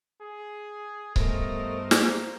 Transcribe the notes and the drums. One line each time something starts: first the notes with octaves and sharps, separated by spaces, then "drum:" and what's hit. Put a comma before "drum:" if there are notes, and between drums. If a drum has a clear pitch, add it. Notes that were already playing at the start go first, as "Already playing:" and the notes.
G#4
G2 A3 B3 A#4 C5 D#5, drum: kick C#1
A#3, drum: snare